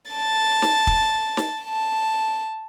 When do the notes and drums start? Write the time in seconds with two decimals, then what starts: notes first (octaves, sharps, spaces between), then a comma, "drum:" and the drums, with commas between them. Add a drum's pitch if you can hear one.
0.12 A5 A6
0.62 drum: snare
0.87 drum: kick
1.37 drum: snare
1.62 A5